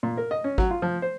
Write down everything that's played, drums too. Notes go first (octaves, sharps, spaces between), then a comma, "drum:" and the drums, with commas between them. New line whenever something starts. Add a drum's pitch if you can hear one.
A#2
A#4
D#5
C#4
F#3, drum: kick G#1
F4
F3
C5